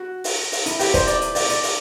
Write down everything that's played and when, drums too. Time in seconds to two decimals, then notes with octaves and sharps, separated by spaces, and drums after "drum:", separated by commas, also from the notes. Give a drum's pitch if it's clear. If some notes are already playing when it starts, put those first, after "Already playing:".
Already playing: F#4
0.24 drum: open hi-hat
0.52 drum: open hi-hat
0.66 E4, drum: hi-hat
0.79 G4, drum: open hi-hat
0.94 C5, drum: kick, hi-hat
1.07 D5, drum: hi-hat
1.21 drum: hi-hat
1.35 D5, drum: open hi-hat
1.49 D5, drum: hi-hat
1.63 drum: open hi-hat